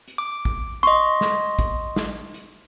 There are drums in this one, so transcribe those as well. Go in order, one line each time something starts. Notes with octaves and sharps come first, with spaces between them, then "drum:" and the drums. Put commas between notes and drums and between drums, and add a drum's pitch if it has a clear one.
drum: hi-hat
D6
drum: kick
D#5 C6 C#6, drum: hi-hat
drum: snare
drum: kick, hi-hat
drum: snare
drum: hi-hat